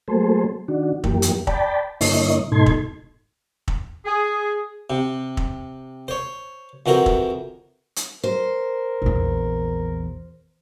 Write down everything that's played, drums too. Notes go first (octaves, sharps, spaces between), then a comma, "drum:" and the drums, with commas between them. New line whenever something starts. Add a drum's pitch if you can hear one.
F#3 A3 A#3 G#4 A4 C5
D#3 D4 F#4
F#2 E3 A#3 G4, drum: kick
drum: hi-hat
D5 G5 A5 B5, drum: kick
G2 D3 A#3 E4 C#5 D#5, drum: open hi-hat
G#2 B2 D#4 A4 C6 G#6
drum: kick
drum: kick
G#4
C3
drum: kick
C5 C#5
F2 E3 F#4 A#4 C5
drum: kick
drum: hi-hat
A#4 C5
A#1 E2